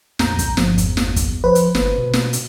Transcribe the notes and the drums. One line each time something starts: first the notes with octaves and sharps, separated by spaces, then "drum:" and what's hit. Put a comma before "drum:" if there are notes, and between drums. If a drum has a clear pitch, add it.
A#1 F2 A#5 G6, drum: snare
drum: kick, hi-hat
G1 F3, drum: snare
E2, drum: hi-hat
drum: snare
drum: kick, hi-hat
F3 B4 C5
drum: hi-hat
G1, drum: snare
B2
drum: snare
drum: hi-hat